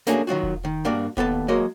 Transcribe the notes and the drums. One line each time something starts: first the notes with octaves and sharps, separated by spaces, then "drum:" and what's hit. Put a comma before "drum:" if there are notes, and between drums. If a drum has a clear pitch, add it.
A3 A#3 C#4 D4 F#4 G#4, drum: snare
D#3 F#3 F4 F#4
drum: kick E1
D#3
G2 A#3 D4 F#4 D5
D#2 B3 A4 A5, drum: kick E1
F#3 G#3 A#3 A#4 C#5 D#5